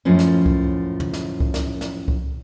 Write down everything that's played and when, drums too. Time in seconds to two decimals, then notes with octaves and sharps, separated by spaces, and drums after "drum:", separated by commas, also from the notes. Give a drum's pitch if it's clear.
0.05 F#2 A2 F3 C#4
0.19 drum: snare
0.46 drum: kick C2
1.00 drum: tom
1.13 drum: snare
1.40 drum: kick C2
1.54 drum: snare
1.81 drum: snare
2.08 drum: kick C2